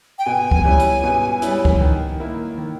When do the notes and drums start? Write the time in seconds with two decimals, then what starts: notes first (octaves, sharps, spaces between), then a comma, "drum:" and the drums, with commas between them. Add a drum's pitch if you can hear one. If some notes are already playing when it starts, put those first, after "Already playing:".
0.19 G5
0.26 B2 G#5
0.51 drum: kick
0.65 G3 C#4 E4
0.79 drum: hi-hat
1.04 B2
1.42 G3 C#4 E4, drum: hi-hat
1.65 drum: kick
1.81 D#3
2.20 A#3 E4
2.58 D#3